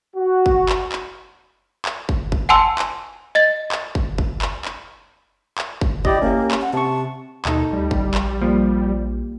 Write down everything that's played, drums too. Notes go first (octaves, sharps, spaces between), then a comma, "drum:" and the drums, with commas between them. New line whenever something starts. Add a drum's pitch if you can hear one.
F#4
drum: kick
drum: clap
drum: clap
drum: clap
drum: kick
drum: kick
F#5 G#5 A5 C6 E6
drum: clap
D#5 A6
drum: clap
drum: kick
drum: kick
drum: clap
drum: clap
drum: clap
drum: kick
E4 G4 D5 D#5, drum: kick
A#3 C#4 G4
drum: clap
F#5
C3 A5 C#6
D#2 B2 D#4 A4 D#5, drum: clap
D2 G3
drum: kick
A#1
drum: clap
F3 A#3 F4 G4